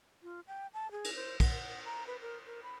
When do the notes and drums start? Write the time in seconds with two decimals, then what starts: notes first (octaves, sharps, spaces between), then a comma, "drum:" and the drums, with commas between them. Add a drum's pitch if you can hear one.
0.23 F4
0.47 G5
0.74 A5
0.92 G#4
1.04 drum: cymbal
1.15 C5
1.40 F#5, drum: kick, cymbal
1.85 A#5
2.07 B4
2.22 A#4
2.47 A#4
2.63 B5